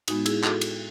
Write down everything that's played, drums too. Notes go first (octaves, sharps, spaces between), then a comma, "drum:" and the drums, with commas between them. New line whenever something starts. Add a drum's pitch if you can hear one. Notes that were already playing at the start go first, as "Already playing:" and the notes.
A2 G#3 B3 D#4 F#4, drum: cymbal
E4 G#4, drum: cymbal
F#4 A4, drum: clap
drum: cymbal